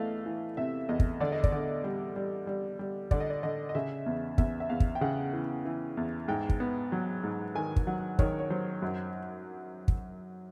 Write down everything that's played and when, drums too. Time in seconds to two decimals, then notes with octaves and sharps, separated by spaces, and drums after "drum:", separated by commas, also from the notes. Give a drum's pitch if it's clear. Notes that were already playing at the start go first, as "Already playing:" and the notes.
Already playing: E2 E3 A3 D#5 F5
0.26 E3
0.57 C3 E5
0.89 E2 D#5
1.00 drum: kick
1.20 D3 D5
1.32 D#5
1.44 D5, drum: kick
1.52 D3
1.84 G3
2.16 G3
2.47 G3
2.79 G3
3.11 D3 D5, drum: kick
3.20 D#5
3.30 D5
3.43 D3 D#5
3.69 D#5
3.75 C#3 E5
4.06 E2
4.38 E2 E5, drum: kick
4.60 E5
4.69 E2 F5
4.80 drum: kick
4.95 G5
5.01 C#3 F#5
5.33 E3
5.65 E3
5.97 E2
6.28 G#2 G5
6.49 drum: kick
6.60 B3
6.92 F#3
7.23 G#2
7.55 D#3 G#5
7.76 drum: kick
7.87 F#3 F#5
8.19 D#3 C#5, drum: kick
8.39 C#5
8.50 F#3 C5
8.82 F#2
9.88 drum: kick